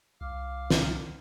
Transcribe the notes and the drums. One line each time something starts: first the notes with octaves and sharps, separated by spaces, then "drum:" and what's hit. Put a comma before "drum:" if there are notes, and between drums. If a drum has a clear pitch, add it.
C2 F5 D6 F6
drum: snare